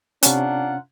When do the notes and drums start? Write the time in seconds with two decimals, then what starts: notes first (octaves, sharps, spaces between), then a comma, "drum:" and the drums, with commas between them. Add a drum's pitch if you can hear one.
0.23 C3 C#4 D4 F4 A#4 F#5, drum: hi-hat